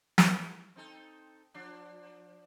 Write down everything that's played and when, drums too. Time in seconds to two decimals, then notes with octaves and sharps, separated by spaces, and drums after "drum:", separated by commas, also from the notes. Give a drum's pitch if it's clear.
0.18 E4 A4, drum: snare
0.76 C4 D#4 A4
1.54 F3 D4